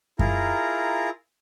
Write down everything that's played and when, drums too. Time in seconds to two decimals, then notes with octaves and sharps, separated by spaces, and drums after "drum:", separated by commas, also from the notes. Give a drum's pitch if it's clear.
0.19 E4 F4 G#4 A#4 A#5, drum: kick F#2